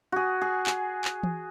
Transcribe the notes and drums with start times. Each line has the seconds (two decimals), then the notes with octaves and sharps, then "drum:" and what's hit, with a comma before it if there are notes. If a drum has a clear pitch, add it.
0.12 F#4 G#4
0.41 G#4
0.67 G#4, drum: clap
1.05 drum: clap
1.23 drum: tom E3